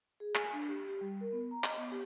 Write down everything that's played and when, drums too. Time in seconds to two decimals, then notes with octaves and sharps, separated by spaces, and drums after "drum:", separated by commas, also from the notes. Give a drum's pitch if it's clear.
0.20 G#4
0.35 G#5, drum: clap
0.53 D4
0.68 G4
0.88 G4
1.01 G3
1.21 A#4
1.33 B3
1.51 A#5
1.64 D#5, drum: clap
1.78 B3
1.92 G4